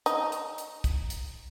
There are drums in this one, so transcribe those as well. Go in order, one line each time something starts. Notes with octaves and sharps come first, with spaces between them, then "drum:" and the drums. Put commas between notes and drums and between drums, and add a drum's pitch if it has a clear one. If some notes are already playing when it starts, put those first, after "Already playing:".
D#4, drum: hi-hat
drum: hi-hat
drum: hi-hat
drum: kick, hi-hat
drum: hi-hat